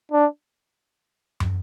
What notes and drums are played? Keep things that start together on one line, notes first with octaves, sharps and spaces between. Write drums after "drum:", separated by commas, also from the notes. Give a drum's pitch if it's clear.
D4
drum: tom